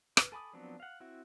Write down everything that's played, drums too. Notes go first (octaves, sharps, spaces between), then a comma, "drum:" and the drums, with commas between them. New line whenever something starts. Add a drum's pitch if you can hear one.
B4, drum: rim click
A4 G#5 B5 D6 D#6
F3 F#3 B3 C4 D4
F5 F#5
C4 E4 F#4